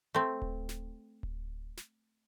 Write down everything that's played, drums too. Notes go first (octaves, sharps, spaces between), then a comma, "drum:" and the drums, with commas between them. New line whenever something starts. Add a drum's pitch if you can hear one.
A3 C4
drum: kick D1
drum: snare
drum: kick D1
drum: snare